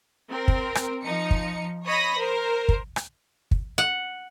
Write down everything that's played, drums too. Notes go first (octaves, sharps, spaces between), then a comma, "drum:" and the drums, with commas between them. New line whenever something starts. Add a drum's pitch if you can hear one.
C4 A#4
drum: kick
drum: rim click
F3 D#4 C#7
drum: kick
C#5 D#5 B5 D#6 A#6
A#4 C5
drum: kick
drum: rim click
drum: kick
F#5